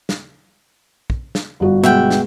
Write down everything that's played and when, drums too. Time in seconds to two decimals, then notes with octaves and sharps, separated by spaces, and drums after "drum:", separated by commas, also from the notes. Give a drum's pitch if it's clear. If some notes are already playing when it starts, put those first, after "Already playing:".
0.09 drum: snare
1.10 drum: kick
1.35 drum: snare
1.60 G1 F#4
1.83 B2 G#3 E5 F#5 G5
2.10 drum: snare